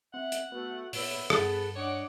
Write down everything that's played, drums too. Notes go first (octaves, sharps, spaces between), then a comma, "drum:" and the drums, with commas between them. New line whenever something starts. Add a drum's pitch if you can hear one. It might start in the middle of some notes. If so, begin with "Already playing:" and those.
C4 E5 F#5
drum: hi-hat
A3 B3 F#4
A#2 B3 C#5 E5, drum: open hi-hat
G2 B3 G#4 A4, drum: rim click
D4 C#5 D#5 F#5 D6